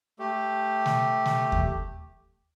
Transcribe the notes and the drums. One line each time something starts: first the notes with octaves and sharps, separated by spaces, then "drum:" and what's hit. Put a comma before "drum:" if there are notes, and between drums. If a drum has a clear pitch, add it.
A3 G4
drum: snare
drum: snare
drum: kick D#2